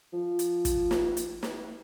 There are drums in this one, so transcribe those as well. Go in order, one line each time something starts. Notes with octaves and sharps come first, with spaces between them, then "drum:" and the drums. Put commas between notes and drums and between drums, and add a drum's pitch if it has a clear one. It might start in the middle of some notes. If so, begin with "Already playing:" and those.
F3
drum: hi-hat
drum: kick, hi-hat
drum: snare
drum: hi-hat
drum: snare